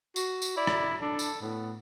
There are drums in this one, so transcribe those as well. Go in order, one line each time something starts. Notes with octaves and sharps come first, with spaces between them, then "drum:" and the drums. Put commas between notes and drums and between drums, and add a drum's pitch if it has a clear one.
F#4, drum: tambourine
drum: tambourine
E4 D5
drum: rim click
D4 A4
drum: tambourine
A2 B3